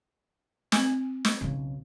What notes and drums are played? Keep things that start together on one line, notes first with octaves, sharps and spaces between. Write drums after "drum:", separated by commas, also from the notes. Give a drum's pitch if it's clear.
C4 G#5, drum: snare
drum: snare
B1 C#3